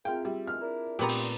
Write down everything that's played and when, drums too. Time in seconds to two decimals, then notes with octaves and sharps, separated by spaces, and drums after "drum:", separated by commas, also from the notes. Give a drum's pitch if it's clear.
0.05 C4 F4 G#4 A#4 E5 F5 G5
0.25 G3 E5
0.48 D#3 E3 G#3 F6
0.60 D4 E4 A#4
0.99 G2 A#2 A3 B3 C4 G4 A#5 C6
1.09 drum: open hi-hat